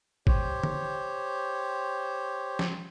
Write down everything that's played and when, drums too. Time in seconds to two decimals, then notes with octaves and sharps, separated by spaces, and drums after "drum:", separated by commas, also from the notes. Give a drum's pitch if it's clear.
0.27 G4 C5 C#5, drum: kick
0.63 drum: tom D3
2.59 drum: snare